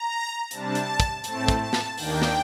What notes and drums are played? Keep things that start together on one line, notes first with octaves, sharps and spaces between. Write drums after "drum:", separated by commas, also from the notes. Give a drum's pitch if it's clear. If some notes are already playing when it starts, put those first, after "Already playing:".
Already playing: A#5
C3 G3 D4 A5, drum: hi-hat
drum: hi-hat
drum: kick, hi-hat
A2 A3 C4 A5, drum: hi-hat
drum: kick, hi-hat
A5
drum: snare
D#2 D#3 A#3 D4 G5, drum: open hi-hat
drum: snare